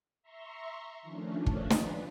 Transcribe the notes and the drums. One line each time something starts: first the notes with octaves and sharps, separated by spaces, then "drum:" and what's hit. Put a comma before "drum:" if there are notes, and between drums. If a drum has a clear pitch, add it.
E5 A#5 C6 C#6
D#3 F3 A3 C#4 D4
drum: kick
D4 F4 B4, drum: snare